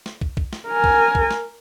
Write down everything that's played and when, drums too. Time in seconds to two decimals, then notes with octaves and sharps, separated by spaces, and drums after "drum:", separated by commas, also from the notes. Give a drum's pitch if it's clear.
0.06 drum: snare
0.21 drum: kick
0.37 drum: kick
0.53 drum: snare
0.68 A#4 G#5
0.84 drum: kick
1.15 drum: kick
1.31 drum: snare